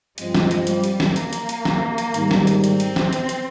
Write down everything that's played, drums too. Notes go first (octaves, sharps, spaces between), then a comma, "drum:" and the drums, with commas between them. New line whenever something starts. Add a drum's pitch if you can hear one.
G2 F3 G#3 C4, drum: hi-hat
drum: snare
drum: hi-hat
G3, drum: hi-hat
drum: hi-hat
drum: snare
A#3, drum: hi-hat
drum: hi-hat
drum: hi-hat
drum: snare
drum: hi-hat
G#2 D#3 G3, drum: hi-hat
drum: snare
drum: hi-hat
C4, drum: hi-hat
drum: hi-hat
drum: snare
drum: hi-hat
drum: hi-hat